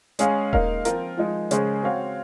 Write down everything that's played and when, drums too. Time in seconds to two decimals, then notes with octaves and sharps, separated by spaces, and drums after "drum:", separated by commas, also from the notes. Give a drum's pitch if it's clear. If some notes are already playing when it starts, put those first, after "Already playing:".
0.19 G#3 C#4 G#4 C#5 F5, drum: hi-hat
0.53 A#3 D#4 A#4 F5, drum: kick D#1
0.85 F3 C4 F4 A#4, drum: hi-hat
1.17 F3 G#3 D#4
1.51 C#3 G#3 C#4 G#4 C5, drum: hi-hat
1.83 C4 F#4 C#5 F5